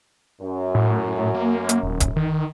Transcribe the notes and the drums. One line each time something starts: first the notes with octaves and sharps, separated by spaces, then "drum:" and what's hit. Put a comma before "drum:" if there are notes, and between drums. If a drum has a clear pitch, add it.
F#2
A2
A#3
drum: hi-hat
D#1
drum: kick, hi-hat
D#3